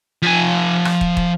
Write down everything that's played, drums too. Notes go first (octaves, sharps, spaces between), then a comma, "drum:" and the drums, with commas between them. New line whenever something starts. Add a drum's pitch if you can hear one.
F3 G#5
drum: rim click
drum: kick
drum: kick